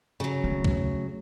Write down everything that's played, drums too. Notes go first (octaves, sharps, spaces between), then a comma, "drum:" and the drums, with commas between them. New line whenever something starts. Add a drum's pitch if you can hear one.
C#3 F#3
A3
drum: kick